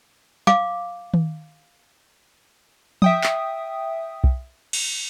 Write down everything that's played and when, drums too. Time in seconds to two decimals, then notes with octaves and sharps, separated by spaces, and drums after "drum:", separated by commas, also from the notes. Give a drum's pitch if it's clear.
0.47 F5 D6, drum: snare
1.14 drum: tom D#3
3.02 E5 G5 D#6, drum: tom F3
3.24 drum: clap
4.24 drum: kick B1
4.73 drum: cymbal